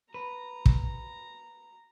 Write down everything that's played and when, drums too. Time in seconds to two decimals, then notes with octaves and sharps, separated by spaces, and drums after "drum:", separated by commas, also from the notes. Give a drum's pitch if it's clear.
0.14 B4 A#5
0.66 drum: kick